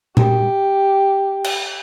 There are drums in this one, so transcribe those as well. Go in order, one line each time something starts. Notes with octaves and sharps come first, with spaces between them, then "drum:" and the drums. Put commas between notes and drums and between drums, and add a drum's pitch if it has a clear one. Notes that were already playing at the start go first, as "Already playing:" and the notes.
G4, drum: tom A#2
drum: cymbal